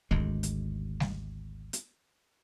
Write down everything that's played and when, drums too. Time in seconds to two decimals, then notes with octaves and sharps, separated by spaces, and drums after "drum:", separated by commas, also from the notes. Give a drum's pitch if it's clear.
0.11 G#1 D2 G#3, drum: kick
0.43 drum: hi-hat
1.00 drum: snare G3
1.73 drum: hi-hat